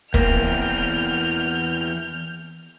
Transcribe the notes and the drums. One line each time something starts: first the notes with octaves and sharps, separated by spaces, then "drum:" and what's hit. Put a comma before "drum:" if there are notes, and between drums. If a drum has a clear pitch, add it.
E2 A#3 C4 F6 G6, drum: kick